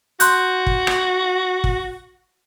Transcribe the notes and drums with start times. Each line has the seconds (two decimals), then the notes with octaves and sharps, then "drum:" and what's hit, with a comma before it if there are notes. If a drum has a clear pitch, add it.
0.20 F#4 C6 F#6 G6, drum: hi-hat
0.67 drum: kick
0.87 drum: rim click
1.64 drum: kick